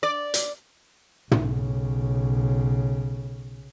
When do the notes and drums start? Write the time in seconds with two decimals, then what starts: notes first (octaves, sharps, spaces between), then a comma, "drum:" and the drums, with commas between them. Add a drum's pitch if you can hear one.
0.03 D5
0.34 drum: hi-hat
1.31 B1 C#3, drum: tom